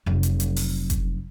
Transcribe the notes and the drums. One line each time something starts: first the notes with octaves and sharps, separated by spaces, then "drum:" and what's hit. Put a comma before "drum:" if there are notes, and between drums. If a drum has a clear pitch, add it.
F1 F#3
drum: hi-hat
drum: hi-hat
drum: open hi-hat
drum: kick F#1, hi-hat